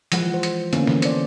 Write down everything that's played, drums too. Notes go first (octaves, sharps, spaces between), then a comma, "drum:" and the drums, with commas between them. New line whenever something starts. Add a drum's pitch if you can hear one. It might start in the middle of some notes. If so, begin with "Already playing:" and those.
E3 F3 G#3 F#5, drum: hi-hat
C5
drum: hi-hat
D3 E3 A#3 B3 C#4, drum: hi-hat
drum: snare
C5 D5, drum: hi-hat